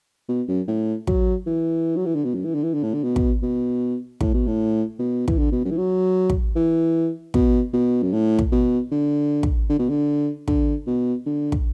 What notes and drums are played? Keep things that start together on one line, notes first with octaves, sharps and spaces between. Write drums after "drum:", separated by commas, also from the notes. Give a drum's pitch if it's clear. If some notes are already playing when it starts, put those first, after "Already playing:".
B2
F#2
A2
F#3, drum: kick
E3
F#3
E3
D3
B2
F#2
E3
D3
E3
D3
A2
D3
B2
drum: kick
B2
A2, drum: kick
B2
A2
B2
E3, drum: kick
D3
B2
F#2
E3
F#3
drum: kick
E3
B2, drum: kick
B2
F#2
A2
drum: kick
B2
D3
drum: kick
D3
B2
D3
D3, drum: kick
B2
D3
drum: kick